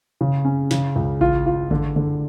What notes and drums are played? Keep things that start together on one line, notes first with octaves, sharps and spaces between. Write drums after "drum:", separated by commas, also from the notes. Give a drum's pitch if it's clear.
C#3
C#4
C#3, drum: snare
C#2
F4, drum: kick A1
F4
D3, drum: kick A1
D3